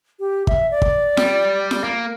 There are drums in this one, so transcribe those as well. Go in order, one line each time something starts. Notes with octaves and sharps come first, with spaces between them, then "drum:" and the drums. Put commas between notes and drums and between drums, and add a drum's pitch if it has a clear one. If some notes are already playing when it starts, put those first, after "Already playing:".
G4
E5, drum: kick
D5
drum: kick
G3, drum: snare F4
drum: snare F4
A#3